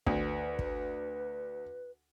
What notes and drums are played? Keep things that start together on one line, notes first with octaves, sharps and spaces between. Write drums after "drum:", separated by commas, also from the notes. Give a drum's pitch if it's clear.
D2 B4, drum: kick
drum: kick